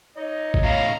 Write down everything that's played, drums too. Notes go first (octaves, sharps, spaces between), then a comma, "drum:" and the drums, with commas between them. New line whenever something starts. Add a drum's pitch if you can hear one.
D#4 C#5 D#5
drum: kick
A2 C#3 F5 A#5